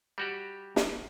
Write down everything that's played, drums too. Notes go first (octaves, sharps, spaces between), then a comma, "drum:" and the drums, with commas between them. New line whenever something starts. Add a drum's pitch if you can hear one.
G3 F#4 G4
drum: snare